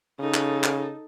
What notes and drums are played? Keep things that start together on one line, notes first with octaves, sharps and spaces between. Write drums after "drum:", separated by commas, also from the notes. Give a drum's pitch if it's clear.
C#3 D#4 A4
drum: clap
drum: clap